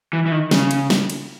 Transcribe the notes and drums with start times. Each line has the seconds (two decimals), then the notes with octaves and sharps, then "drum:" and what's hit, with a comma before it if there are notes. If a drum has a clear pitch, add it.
0.13 E3
0.26 E3
0.32 D#3
0.51 C#3, drum: snare
0.71 drum: cymbal
0.90 drum: snare
1.10 drum: cymbal